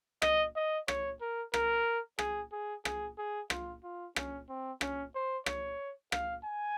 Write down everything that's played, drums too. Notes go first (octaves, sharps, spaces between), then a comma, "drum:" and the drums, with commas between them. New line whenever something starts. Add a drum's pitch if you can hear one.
D#5, drum: rim click
D#5
C#5, drum: rim click
A#4
A#4, drum: rim click
G#4, drum: rim click
G#4
G#4, drum: rim click
G#4
F4, drum: rim click
F4
C#4, drum: rim click
C4
C#4, drum: rim click
C5
C#5, drum: rim click
F5, drum: rim click
G#5